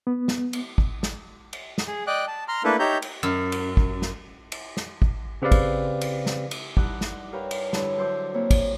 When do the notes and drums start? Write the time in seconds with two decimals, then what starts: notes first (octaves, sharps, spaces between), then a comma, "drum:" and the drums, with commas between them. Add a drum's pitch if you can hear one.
0.07 B3
0.28 drum: snare
0.53 drum: cymbal
0.78 drum: kick
1.03 drum: snare
1.53 drum: cymbal
1.78 drum: snare
1.87 G#4
2.07 D5 D#5 G5 D6 F#6
2.28 A5
2.48 A#5 C6 F6
2.64 A3 A#3 D4 E4 A4 B4
2.79 D#4 G4 C#5 E5 A#5 G6
3.02 drum: cymbal
3.23 F#2
3.52 drum: cymbal
3.77 drum: kick
4.02 drum: snare
4.52 drum: cymbal
4.77 drum: snare
5.02 drum: kick
5.42 C#3 C4 G4 B4 D5 F5
5.52 drum: kick, cymbal
6.01 drum: cymbal
6.26 drum: snare
6.51 drum: cymbal
6.77 G2 D#4 E4 F#5 D6, drum: kick
7.01 drum: snare
7.33 G4 A#4 B4 C#5 F5
7.51 drum: cymbal
7.73 G2 D3 E4 C#5 D5, drum: snare
7.97 F#3 C5 E5 D6 G6
8.34 A#3 C4 E4 C#5
8.51 drum: kick, cymbal